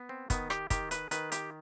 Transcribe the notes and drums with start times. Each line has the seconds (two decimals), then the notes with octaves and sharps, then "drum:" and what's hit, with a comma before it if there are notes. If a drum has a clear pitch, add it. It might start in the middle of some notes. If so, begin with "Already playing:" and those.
Already playing: B3
0.09 C4
0.30 D#3 B3, drum: kick, hi-hat
0.50 G4, drum: rim click
0.70 D#3 G4, drum: kick, hi-hat
0.91 B4, drum: hi-hat
1.11 D#3 B4, drum: hi-hat
1.32 G4, drum: hi-hat